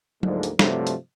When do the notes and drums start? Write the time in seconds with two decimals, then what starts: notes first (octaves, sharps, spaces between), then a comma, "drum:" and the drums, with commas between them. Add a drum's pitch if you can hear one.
0.23 D2 G#2 D3 F3 G#3 A#3, drum: tom F#3
0.43 drum: hi-hat
0.59 G2 C3 F3 F#3 A3, drum: snare
0.87 drum: hi-hat